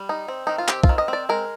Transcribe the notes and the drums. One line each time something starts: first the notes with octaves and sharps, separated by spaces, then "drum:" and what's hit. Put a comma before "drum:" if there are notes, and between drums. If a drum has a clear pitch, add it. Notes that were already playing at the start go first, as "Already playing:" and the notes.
Already playing: G3
D#4
C4
D#3 D#4
F4
C4 G4, drum: clap
F4, drum: kick
D#3
D#5
C4 D5
G#3 A#4